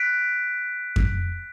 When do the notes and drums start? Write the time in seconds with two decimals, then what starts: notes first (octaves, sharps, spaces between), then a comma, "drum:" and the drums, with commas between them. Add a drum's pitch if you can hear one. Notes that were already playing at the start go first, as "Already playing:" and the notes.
Already playing: F#6 B6 D7
0.96 drum: kick F2